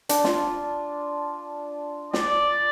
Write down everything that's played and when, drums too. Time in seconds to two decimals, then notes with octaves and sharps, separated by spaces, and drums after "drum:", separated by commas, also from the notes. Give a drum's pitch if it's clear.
0.09 D4, drum: hi-hat
0.24 F4, drum: snare
2.13 D5, drum: snare